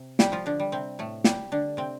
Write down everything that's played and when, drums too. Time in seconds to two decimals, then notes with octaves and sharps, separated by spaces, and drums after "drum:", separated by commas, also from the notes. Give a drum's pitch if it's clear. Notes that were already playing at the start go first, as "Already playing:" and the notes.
Already playing: C3
0.19 G3 G4, drum: snare
0.32 F3 F4
0.46 D3 D4
0.60 G3
0.72 C3 C4
0.99 A2 A3
1.24 G3 G4, drum: snare
1.52 D3 D4
1.77 C3 C4